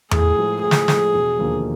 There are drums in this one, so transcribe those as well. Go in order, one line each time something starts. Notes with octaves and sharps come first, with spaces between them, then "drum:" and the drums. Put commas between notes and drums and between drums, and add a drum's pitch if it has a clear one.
A2 G#4, drum: tom E2
F3 G#3
A2 G#4
drum: snare
F3 G#3, drum: snare
E1
D#2 D3 F3 A#3